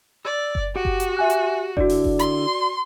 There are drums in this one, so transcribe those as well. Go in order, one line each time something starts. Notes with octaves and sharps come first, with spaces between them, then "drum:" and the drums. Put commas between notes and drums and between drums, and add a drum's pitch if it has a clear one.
D5 E6
drum: kick F#1
F#4 G4 F#5
drum: kick F#1
drum: hi-hat
E5 G#5 F#6
drum: hi-hat
D3 D4 E4 F#4 D5, drum: kick F#1
drum: open hi-hat
drum: kick F#1
C6, drum: hi-hat